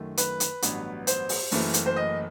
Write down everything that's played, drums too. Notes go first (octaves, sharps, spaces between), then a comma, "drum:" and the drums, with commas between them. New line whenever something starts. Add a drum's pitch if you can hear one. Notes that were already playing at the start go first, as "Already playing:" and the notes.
Already playing: F#2 D#3 A3
B4, drum: hi-hat
drum: hi-hat
A1 G2 F#3 B3, drum: hi-hat
C5, drum: hi-hat
drum: open hi-hat
F#1 F#2 E3 A3, drum: open hi-hat
drum: hi-hat
C5
D#5